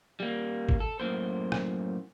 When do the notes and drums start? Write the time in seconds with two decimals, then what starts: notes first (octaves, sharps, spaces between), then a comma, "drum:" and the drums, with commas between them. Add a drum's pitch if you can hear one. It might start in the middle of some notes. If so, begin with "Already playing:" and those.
0.20 G3 A#3
0.69 drum: kick
0.80 A4
1.00 F#2 A2 A#3 C5
1.52 drum: rim click